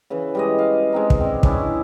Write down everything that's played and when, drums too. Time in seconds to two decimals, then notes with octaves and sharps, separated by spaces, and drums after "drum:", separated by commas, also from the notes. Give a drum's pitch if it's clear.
0.10 C#3 E3 B4
0.35 G3 G#3 D#5
0.59 F5
0.93 G#3 C4 D#4
1.10 drum: kick
1.20 C4 D4
1.43 G#3 C#4 D4 E4, drum: kick